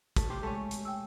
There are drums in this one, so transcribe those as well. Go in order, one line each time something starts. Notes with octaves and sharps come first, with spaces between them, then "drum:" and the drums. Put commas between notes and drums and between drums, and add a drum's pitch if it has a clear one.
A3, drum: kick, hi-hat
C3 G4 C5
G#3 A3 C#4
drum: hi-hat
G5 E6